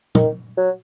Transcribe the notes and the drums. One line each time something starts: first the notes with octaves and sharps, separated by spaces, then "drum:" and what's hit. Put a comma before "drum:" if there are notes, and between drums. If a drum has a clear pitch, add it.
D#3, drum: tom
F#3